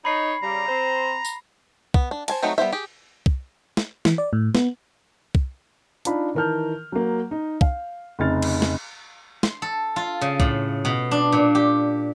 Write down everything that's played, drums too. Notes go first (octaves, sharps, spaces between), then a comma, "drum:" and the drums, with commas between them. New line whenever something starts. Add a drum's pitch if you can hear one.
D#4 C#5 B5 C7
C#3 G3 A#5
C4 C5
drum: tambourine
B3, drum: kick
D4
C5 G#5 A5, drum: cymbal
F#3 A3 C4 D#4 F#4
G3 B3 C5 E5
G4 G#4
drum: kick
drum: snare
E3, drum: snare
D5
A2
B3, drum: snare
drum: kick
D4 D#4 F4 B5, drum: hi-hat
D#3 E3 A#4 A5 F6 G6
F#3 A#3
D#4
F5, drum: kick
F1 C#3 D#4 F6 A6
drum: cymbal
drum: snare
C6, drum: snare
A4
F4
C#3
A2, drum: kick
B2
D4
A#2
G4